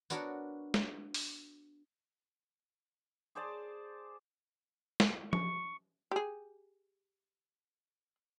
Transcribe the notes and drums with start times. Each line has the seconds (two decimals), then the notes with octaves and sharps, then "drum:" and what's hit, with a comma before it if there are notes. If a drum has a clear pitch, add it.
0.10 B3 D4 F#4 A#4 C#5, drum: tambourine
0.74 drum: snare
1.14 drum: open hi-hat
3.35 G#4 C5 D5 A5
5.00 drum: snare
5.33 C#6, drum: tom F3
6.11 G4 G#4